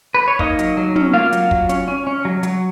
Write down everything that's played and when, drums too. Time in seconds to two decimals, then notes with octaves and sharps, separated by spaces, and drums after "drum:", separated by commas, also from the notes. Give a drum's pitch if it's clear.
0.15 B4
0.28 C#5
0.39 A#3 D#4 D#5, drum: kick
0.59 F#3, drum: hi-hat
0.77 F#3
0.96 C#4, drum: tom
1.14 A#3 F4 F5
1.33 F#3, drum: hi-hat
1.51 F#3, drum: kick
1.69 C#4, drum: hi-hat
1.88 C#4
2.07 C#4
2.25 F#3
2.43 F#3, drum: hi-hat